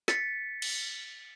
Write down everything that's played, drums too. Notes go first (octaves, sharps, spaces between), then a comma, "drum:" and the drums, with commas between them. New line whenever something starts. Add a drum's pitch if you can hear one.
A6 B6 C#7, drum: snare
drum: cymbal